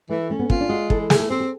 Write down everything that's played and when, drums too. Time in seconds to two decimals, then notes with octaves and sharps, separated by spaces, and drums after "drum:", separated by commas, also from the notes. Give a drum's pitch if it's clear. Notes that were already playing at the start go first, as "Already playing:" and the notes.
0.09 E3 A3
0.30 A3 C#4
0.39 B3
0.50 B3 F4, drum: kick
0.61 D4
0.69 G#3 F#4
0.90 E3 A4, drum: kick
1.10 A3 G#4, drum: snare
1.20 A4
1.30 C4 G4
1.40 G4